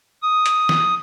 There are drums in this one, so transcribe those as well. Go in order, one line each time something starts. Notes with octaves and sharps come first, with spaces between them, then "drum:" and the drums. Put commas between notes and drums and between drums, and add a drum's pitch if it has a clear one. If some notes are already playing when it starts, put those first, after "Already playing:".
D#6
drum: hi-hat
drum: snare